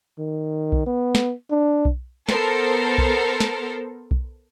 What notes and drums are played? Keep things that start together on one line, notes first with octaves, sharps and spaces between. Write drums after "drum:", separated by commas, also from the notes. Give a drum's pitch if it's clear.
D#3
drum: kick B1
B3
drum: snare
D4
drum: kick B1
B3 A4 A#4 C5, drum: snare
drum: kick B1
drum: snare
drum: kick B1